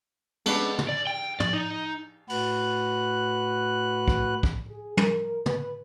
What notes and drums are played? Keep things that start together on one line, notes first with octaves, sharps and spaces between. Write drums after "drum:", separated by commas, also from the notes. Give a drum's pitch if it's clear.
G#3 B3 C#4 D4 A4 B4, drum: cymbal
drum: tom
D5
G5
D5, drum: tom
D#4
A2 F#4 B4 F#6, drum: open hi-hat
drum: kick
drum: kick
G#4
A#4, drum: tom
B4, drum: tom